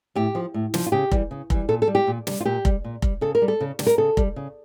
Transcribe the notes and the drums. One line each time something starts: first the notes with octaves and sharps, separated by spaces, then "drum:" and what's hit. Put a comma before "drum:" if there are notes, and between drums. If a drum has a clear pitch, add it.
A2 G4
F3
A2
F3, drum: snare
F4
C#3 G4
E3 G3, drum: kick F1
C#3
E3 G3, drum: kick F1
A#2 A4
A4
G3
G4
A#2
G3, drum: snare
F4
A#2 G4
G3, drum: kick F1
A#2
G3, drum: kick F1
C#3 A4
A#4
G3
A4
C#3
G3, drum: snare
A#4
C#3 A4
G3, drum: kick F1
C#3